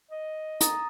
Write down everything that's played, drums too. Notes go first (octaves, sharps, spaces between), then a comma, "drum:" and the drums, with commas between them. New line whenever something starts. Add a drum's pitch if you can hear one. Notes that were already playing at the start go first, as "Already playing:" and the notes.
D#5
A#5 D#6 A6, drum: hi-hat